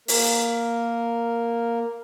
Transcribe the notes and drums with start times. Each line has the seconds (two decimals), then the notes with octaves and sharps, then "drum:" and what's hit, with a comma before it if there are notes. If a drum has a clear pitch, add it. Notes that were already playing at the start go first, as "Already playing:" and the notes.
0.08 A#3 A#4, drum: open hi-hat